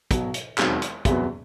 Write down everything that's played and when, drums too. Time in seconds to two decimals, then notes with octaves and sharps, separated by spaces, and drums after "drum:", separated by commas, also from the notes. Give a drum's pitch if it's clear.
0.11 B1 B2 F#3, drum: kick, hi-hat
0.34 drum: hi-hat
0.58 E1 D#2 D#3 F#3 C4, drum: clap
0.82 drum: hi-hat
1.05 F#1 E2 C3 F#3 B3, drum: kick, hi-hat